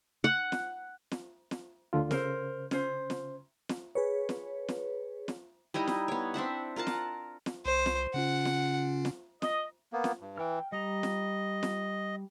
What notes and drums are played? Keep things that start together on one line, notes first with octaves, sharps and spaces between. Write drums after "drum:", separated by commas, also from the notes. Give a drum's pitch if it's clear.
F#5
drum: snare
drum: snare
drum: snare
D2 D3 F4
C#3 A#4 C5, drum: snare
C#4 C5, drum: snare
drum: snare
drum: snare
G#4 B4 C#5
drum: snare
drum: snare
drum: snare
G3 D#4 E4 D#5
drum: snare
B3 C#5
C4 D4 E5 F#5
F4 A#4 F#5 A5
drum: snare
drum: snare
C2 C5
drum: snare
C#3 C#4 F4 F#5
drum: snare
drum: snare
D#5, drum: snare
A#3 B3
drum: snare
G2
E3 G5 F6
G3 D#5 A#5
drum: snare
drum: snare